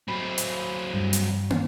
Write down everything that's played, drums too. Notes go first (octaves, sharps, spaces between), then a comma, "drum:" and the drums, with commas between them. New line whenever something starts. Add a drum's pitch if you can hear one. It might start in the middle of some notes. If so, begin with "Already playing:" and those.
F#3 C4 B5
drum: hi-hat
G2
drum: hi-hat
drum: tom